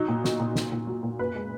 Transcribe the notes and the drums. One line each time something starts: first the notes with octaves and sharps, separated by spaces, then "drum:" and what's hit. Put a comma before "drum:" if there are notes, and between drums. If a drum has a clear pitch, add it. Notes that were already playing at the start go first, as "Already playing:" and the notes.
Already playing: F#3 D#4
A#2
F#3, drum: snare
A#2
F#3, drum: snare
A#2
F#3
A#2
F#2 B4
G#3